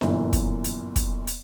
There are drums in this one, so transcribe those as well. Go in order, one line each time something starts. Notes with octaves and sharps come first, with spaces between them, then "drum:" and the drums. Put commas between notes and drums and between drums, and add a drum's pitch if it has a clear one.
G1 F#2 A#2 E3, drum: snare D4
drum: kick, hi-hat
drum: hi-hat
drum: kick, hi-hat
drum: hi-hat